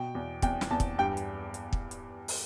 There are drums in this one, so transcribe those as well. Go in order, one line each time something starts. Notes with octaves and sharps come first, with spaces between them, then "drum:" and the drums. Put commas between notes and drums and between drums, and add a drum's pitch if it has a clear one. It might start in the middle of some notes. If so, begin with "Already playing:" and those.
Already playing: B2 G5
E2
E2 G5, drum: kick, hi-hat
drum: snare
E2 A5
drum: kick, hi-hat
G2 G5
drum: hi-hat
drum: hi-hat
drum: kick
drum: hi-hat
drum: open hi-hat